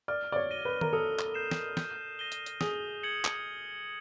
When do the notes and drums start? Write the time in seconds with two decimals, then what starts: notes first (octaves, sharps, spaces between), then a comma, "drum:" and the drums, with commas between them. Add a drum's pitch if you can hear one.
0.08 D5 F6
0.32 D5
0.36 C#5
0.50 A#6 D#7 G7
0.65 B4
0.81 A#4, drum: tom D#3
0.93 A4 D#6
1.19 drum: clap
1.34 G6 C7 E7
1.51 drum: snare
1.77 G6, drum: snare
2.19 A#6 D#7 G7
2.32 drum: hi-hat
2.46 drum: hi-hat
2.61 G#4 D#6, drum: snare
3.03 G#6 C#7 F#7
3.25 drum: clap